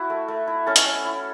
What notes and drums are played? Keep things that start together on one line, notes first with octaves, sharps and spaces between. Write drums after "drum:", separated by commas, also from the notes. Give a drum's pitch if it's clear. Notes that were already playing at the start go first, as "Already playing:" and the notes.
Already playing: E4 F#4
A3
A3
E4
C#4 A4
drum: hi-hat
C#4
E4